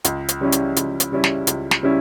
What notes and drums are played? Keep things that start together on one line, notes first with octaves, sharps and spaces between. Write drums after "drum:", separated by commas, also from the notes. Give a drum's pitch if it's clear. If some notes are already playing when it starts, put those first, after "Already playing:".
C#2, drum: hi-hat
drum: hi-hat
C#3 G3 C#4 E4
drum: hi-hat
C#2, drum: hi-hat
drum: hi-hat
C#3 G3 C#4 E4
drum: snare
C#2, drum: hi-hat
drum: snare
C#3 G3 C#4 E4